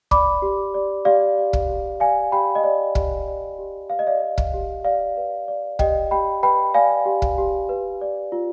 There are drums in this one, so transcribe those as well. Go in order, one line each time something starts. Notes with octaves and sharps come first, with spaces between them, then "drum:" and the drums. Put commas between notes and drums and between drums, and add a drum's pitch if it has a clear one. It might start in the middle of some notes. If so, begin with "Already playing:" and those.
D5 B5 D6, drum: kick
G4
D5
G4 D5 F5
D5
drum: kick
G4
D5 F5 G#5
G4 G5 B5
D#5
D5
G4, drum: kick
D5
G4
B4 F5
D#5
D5 F5
D5
drum: kick
G4
G4 D5 F5
B4
D5
G4 D#5 G5, drum: kick
G4 G5 B5
B4 G5 B5
D5 F5 G#5
G4
drum: kick
G4
B4
D5
F4